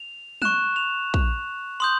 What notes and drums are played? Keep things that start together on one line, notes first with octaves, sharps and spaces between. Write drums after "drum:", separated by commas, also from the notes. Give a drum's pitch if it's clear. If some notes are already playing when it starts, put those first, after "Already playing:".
Already playing: F7
C#6 F#6 E7, drum: tom
F7
drum: kick
C6 D#6 G6 F#7